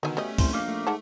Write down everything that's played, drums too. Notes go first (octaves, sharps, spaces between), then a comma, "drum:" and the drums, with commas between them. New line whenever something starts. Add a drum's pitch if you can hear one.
B2 D3 D#3 D#4 D#5 G#5
G3 A3 C#4 D#5
C2 C5, drum: kick, open hi-hat
A#1 A#3 D#4 F5
A3
G#2 G#3 F#5 A5